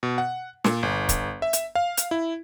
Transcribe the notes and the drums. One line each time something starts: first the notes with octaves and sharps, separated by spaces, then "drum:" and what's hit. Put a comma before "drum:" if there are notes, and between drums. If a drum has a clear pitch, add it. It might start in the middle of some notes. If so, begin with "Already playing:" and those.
B2
F#5
A#2, drum: snare
G1
drum: kick, hi-hat
E5
drum: hi-hat
F5
drum: hi-hat
E4